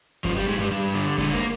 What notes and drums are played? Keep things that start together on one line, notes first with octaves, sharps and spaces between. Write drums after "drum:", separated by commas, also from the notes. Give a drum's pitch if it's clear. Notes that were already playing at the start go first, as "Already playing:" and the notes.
G2 F3, drum: kick F#1
G3
G2 G#3
G3
G2 G3
D3
D3 G#3, drum: kick F#1
A#3